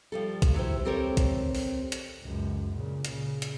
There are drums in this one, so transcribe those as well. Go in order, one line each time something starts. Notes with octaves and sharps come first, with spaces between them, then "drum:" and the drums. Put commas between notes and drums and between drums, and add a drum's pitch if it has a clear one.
F3 G3 A4
drum: kick A#1, hi-hat
F#3 E4 G4 C5
C4 G4 A4 A#4 C5 C#5
drum: kick A#1, hi-hat
drum: open hi-hat
drum: hi-hat
C#2 F#2
A#2 C#3
C#3, drum: hi-hat
drum: hi-hat